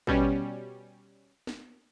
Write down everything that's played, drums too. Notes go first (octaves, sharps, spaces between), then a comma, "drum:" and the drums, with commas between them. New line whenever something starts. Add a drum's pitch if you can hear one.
B2 G3 C#4, drum: kick A1
drum: snare